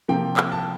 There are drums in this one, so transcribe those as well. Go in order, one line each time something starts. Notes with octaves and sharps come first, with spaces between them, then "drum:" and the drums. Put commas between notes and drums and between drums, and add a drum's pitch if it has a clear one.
C3 F3 A#3 G5
drum: clap
A5